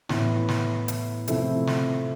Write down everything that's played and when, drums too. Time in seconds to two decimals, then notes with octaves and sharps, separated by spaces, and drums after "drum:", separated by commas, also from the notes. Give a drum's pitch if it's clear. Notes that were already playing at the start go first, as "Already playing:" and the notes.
0.09 A2 E3 B3 E4, drum: snare
0.48 drum: snare
0.88 drum: hi-hat
1.28 C3 F3 A3 C4 E4, drum: hi-hat
1.67 drum: snare